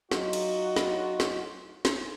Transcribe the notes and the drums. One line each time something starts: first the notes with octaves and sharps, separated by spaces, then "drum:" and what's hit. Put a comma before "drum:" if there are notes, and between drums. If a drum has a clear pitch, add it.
F#3 D#4 F4 F#4, drum: snare
drum: cymbal
drum: snare
drum: snare
drum: snare